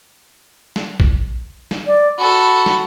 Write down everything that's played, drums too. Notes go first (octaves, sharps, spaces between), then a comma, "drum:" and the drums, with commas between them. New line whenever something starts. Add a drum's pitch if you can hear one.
drum: snare
drum: kick A#1
drum: snare
D5
F#4 A4 B5
drum: snare